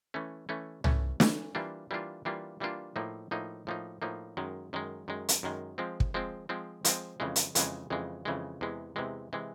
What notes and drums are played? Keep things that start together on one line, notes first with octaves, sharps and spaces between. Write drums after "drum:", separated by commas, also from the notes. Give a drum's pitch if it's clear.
E3 A3 C#4
E3 A3 C#4
E3 A3 C#4, drum: tom C2
E3 A3 C#4, drum: snare
E3 G3 A#3 D4 F4
E3 G3 A#3 D4 F4
E3 G3 A#3 D4 F4
E3 G3 A#3 D4 F4
A2 F3 A#3 D#4
A2 F3 A#3 D#4
A2 F3 A#3 D#4
A2 F3 A#3 D#4
F#2 D#3 G#3
F#2 D#3 G#3
F#2 D#3 G#3
drum: hi-hat
F#2 D#3 G#3
F3 G#3 C4
drum: kick
F3 G#3 C4
F3 G#3 C4
F3 G#3 C4, drum: hi-hat
F2 C#3 E3 G#3
drum: hi-hat
F2 C#3 E3 G#3, drum: hi-hat
F2 C#3 E3 G#3
F2 C#3 E3 G#3
E2 C3 E3 G#3
E2 C3 E3 G#3
C3 E3 G#3